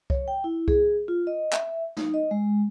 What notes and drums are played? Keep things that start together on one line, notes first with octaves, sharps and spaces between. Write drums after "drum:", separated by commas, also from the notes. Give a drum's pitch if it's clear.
C#5, drum: kick C2
G5
E4
G#4, drum: kick C2
F4
D#5
E5, drum: clap
D#4, drum: snare
D#5
G#3